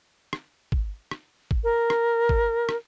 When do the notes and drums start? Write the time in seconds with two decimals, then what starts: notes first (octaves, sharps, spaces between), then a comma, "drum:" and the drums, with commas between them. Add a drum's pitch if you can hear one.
0.33 drum: rim click
0.72 drum: kick
1.11 drum: rim click
1.51 drum: kick
1.64 A#4
1.90 drum: rim click
2.29 drum: kick
2.69 drum: rim click